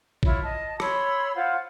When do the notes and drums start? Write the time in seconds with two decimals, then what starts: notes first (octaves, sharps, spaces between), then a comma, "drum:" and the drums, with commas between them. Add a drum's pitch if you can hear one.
0.23 E4 F4 C#5, drum: kick A1
0.42 D#5 A5
0.80 C#5 B5 C6 E6, drum: rim click
1.35 F4 C5 F5 F#5